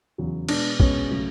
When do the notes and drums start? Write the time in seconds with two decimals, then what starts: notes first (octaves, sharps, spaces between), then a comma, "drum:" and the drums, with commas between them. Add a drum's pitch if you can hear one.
0.18 E2 C#3 F#3
0.49 B2 G#3 B3 D4, drum: cymbal
0.80 B2 G#3 B3 C#4, drum: kick
1.10 C#3 F#3 A3